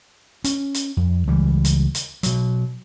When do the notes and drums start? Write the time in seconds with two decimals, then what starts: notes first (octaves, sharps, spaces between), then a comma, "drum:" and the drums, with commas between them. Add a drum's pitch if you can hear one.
0.44 C#4, drum: hi-hat
0.74 drum: hi-hat
0.97 F2
1.27 C#2 E3 G3
1.65 drum: hi-hat
1.95 drum: hi-hat
2.23 B2 F#3, drum: hi-hat